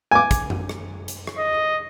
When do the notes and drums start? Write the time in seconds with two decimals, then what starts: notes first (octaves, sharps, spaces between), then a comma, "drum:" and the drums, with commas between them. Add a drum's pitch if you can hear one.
0.11 G#5 D6
0.31 drum: kick, hi-hat
0.50 drum: tom F#2
0.69 drum: rim click
1.08 drum: hi-hat
1.27 drum: rim click
1.38 D#5